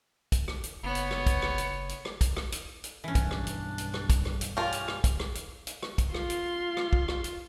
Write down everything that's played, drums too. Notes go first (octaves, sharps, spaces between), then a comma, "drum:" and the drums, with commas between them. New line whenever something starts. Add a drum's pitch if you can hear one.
drum: kick, hi-hat
drum: rim click
drum: hi-hat
F#1 B3 C#5
drum: hi-hat
drum: rim click
drum: kick, hi-hat
drum: rim click
drum: hi-hat
drum: hi-hat
drum: rim click
drum: kick, hi-hat
drum: rim click
drum: hi-hat
drum: hi-hat
B1 G2 E3 C#4 D4
drum: kick, hi-hat
drum: rim click
drum: hi-hat
drum: hi-hat
drum: rim click
drum: kick, hi-hat
drum: rim click
drum: hi-hat
G3 C#4 F4 A#4 F6
drum: hi-hat
drum: rim click
drum: kick, hi-hat
drum: rim click
drum: hi-hat
drum: hi-hat
drum: rim click
drum: kick, hi-hat
F4 C6, drum: rim click
drum: hi-hat
drum: rim click
drum: kick
drum: rim click
drum: hi-hat